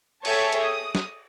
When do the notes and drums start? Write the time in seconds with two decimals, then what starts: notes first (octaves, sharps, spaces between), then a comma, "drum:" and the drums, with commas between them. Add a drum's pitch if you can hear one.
0.25 G#4 A4 C#5 E5 G5 A5, drum: cymbal
0.52 drum: hi-hat
0.62 D#6
0.95 drum: snare